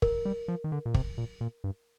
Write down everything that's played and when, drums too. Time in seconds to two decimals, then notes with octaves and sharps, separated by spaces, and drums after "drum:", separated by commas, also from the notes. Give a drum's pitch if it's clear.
0.02 A#4, drum: kick
0.25 G3
0.48 F3
0.64 D#3
0.72 D3
0.86 A#2
0.94 C3, drum: kick
1.18 A#2
1.41 A#2
1.64 G2